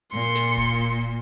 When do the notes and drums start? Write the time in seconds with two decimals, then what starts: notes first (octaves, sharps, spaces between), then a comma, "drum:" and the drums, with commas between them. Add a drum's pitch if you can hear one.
0.13 A#2 C6 C#7, drum: hi-hat
0.35 drum: snare
0.57 drum: kick D#1, hi-hat
0.79 drum: open hi-hat
1.01 drum: hi-hat